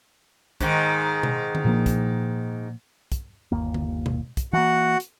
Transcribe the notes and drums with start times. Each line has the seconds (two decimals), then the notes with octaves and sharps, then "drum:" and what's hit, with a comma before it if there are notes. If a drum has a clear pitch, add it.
0.61 G#2 D#3, drum: kick, hi-hat
1.23 drum: tom B2
1.55 drum: tom D3
1.65 A#2 F3 A#3
1.86 drum: kick, hi-hat
3.12 drum: kick, hi-hat
3.52 G1 D#2 A#3
3.74 drum: tom D3
4.06 drum: tom B2
4.37 drum: kick, hi-hat
4.53 E3 A#3 F#4 F#5
5.00 drum: hi-hat